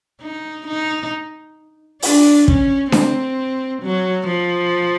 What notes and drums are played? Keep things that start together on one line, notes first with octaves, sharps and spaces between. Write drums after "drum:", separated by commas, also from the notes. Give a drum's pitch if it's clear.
D#4
D#4
D4, drum: open hi-hat
C#4, drum: kick
C4, drum: snare D4
F#3
F3